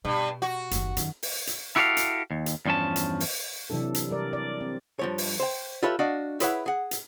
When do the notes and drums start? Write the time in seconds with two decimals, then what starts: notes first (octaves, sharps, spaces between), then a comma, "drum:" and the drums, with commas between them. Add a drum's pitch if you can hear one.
0.05 G2 B2
0.42 F#4
0.71 F#1 D#2, drum: hi-hat
0.97 F#2 D#3, drum: hi-hat
1.23 drum: open hi-hat
1.47 drum: hi-hat
1.76 E4 F#4 G4 A4 D5 F5
1.97 drum: hi-hat
2.31 D#2
2.46 drum: hi-hat
2.66 E2 G2 F3 C#4 A5
2.96 drum: hi-hat
3.20 drum: open hi-hat
3.70 C3 E3 F#3 D4 A4
3.94 drum: hi-hat
4.11 G3 A#4 D5
4.33 D5
4.60 C4
4.99 G2 F3 C#5
5.18 drum: open hi-hat
5.40 C5 G5
5.83 F4 G4 A4 B4 C#5 E5
5.99 D4 F#4 D#5 F5
6.40 E4 G#4 B4 C#5 E5 F#5, drum: hi-hat
6.66 G#4 F#5
6.91 drum: hi-hat